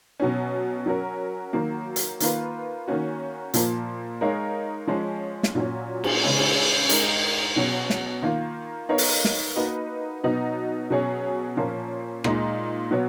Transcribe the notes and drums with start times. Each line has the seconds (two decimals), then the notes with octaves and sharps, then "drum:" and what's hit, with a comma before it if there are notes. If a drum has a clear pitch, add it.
0.20 B2 F#3 C#4
0.86 F#3 C#4 F#4 A#4
1.53 D#3 F#3 A#3
1.96 drum: hi-hat
2.20 D#3 A#3 F4 B4, drum: hi-hat
2.88 D#3 A#3 C#4 F#4
3.54 A#2 F3 A#3, drum: hi-hat
4.21 G#3 D#4 A#4 C#5 F5
4.87 F3 G#3 C#4
5.43 drum: snare
5.55 A#2 F#3 C#4
6.04 drum: cymbal
6.22 C#3 G#3 C#4 G#4
6.38 drum: cymbal
6.89 G#3 D#4 A#4, drum: hi-hat
7.56 B2 F#3 C#4
7.90 drum: snare
8.22 D#3 A#3 F4
8.89 B3 D#4 A#4 C#5 F5
8.98 drum: open hi-hat
9.25 drum: snare
9.56 A#3 D#4 F#4 B4
10.24 B2 F#3 B3 D#4
10.90 B2 F#3 C#4 G#4 C#5
11.57 A#2 F3 A#3 C#4
12.24 A#2 G#3 D#4, drum: rim click
12.91 B2 F#3 B3 F#4 C#5